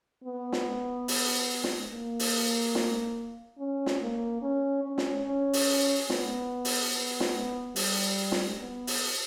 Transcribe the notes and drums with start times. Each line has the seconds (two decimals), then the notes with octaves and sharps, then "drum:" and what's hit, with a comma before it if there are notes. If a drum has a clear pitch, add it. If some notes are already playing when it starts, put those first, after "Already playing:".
0.24 B3
0.52 drum: snare
1.08 drum: open hi-hat
1.64 drum: snare
1.91 A#3
2.19 drum: open hi-hat
2.75 drum: snare
3.58 C#4
3.86 drum: snare
4.01 A#3
4.42 C#4
4.83 C#4
4.98 drum: snare
5.26 C#4
5.53 drum: open hi-hat
6.10 B3, drum: snare
6.65 drum: open hi-hat
6.93 B3
7.20 drum: snare
7.76 G3, drum: open hi-hat
8.32 drum: snare
8.59 B3
8.87 drum: open hi-hat